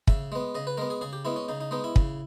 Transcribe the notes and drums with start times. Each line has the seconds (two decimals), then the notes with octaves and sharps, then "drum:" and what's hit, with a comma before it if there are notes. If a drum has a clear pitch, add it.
0.07 C#3 E5, drum: kick
0.32 G#3 B3
0.55 C#3 D#5
0.67 B4
0.77 G#3 B3 A#4
0.90 G#4
1.01 C#3 G#4
1.13 G4
1.25 G#3 B3 E4
1.36 C#4
1.48 C#3 D#4
1.61 D#4
1.71 G#3 B3 D#4
1.84 E4
1.96 C#3, drum: kick